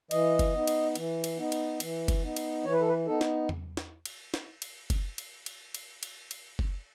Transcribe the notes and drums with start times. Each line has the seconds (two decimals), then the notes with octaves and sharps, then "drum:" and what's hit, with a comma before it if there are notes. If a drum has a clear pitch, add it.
0.11 E3 D#5, drum: cymbal
0.39 drum: kick F#1, cymbal
0.54 B3 D#4
0.67 drum: cymbal
0.95 E3, drum: cymbal
1.24 drum: cymbal
1.38 B3 D#4
1.52 drum: cymbal
1.80 E3, drum: cymbal
2.08 drum: kick F#1, cymbal
2.23 B3 D#4
2.36 drum: cymbal
2.64 E3 C#5
2.73 B4
2.81 A4
2.88 B4
3.07 B3 D#4 A4
3.21 drum: snare
3.49 drum: tom E2
3.77 drum: snare
4.05 drum: cymbal
4.34 drum: snare
4.62 drum: cymbal
4.90 drum: kick F#1, cymbal
5.18 drum: cymbal
5.46 drum: cymbal
5.74 drum: cymbal
6.03 drum: cymbal
6.31 drum: cymbal
6.59 drum: kick F#1